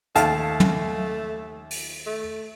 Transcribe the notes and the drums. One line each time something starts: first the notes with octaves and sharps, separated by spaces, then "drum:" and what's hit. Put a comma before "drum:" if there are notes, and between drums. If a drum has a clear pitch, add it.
D#2 A3 F5 A5, drum: hi-hat
drum: tom
drum: open hi-hat
A3